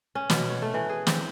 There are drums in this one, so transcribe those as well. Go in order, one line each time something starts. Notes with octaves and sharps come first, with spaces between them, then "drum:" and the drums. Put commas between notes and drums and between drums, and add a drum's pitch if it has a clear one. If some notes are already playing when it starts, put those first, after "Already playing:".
C#4
B2, drum: snare
C#5
A3
E3
G#4
C4, drum: snare